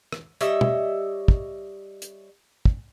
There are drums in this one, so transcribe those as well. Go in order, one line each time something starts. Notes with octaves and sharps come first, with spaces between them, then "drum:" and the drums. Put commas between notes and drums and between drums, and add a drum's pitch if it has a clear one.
drum: rim click
G3 C#5 D#5 E5, drum: hi-hat
drum: tom B2
drum: kick
drum: hi-hat
drum: kick